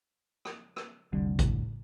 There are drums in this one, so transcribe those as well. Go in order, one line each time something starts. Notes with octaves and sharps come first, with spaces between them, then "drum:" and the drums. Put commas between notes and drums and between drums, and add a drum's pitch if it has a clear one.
drum: rim click
drum: rim click
F1 C2 D3 G3
A2, drum: kick A1, hi-hat